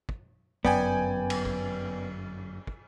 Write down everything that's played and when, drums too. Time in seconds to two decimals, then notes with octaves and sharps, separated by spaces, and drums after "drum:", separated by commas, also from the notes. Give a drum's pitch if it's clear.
0.09 drum: kick
0.65 G1 F#2 B3 D5 G5 G#5, drum: kick
1.30 drum: cymbal
1.45 drum: kick
2.67 drum: kick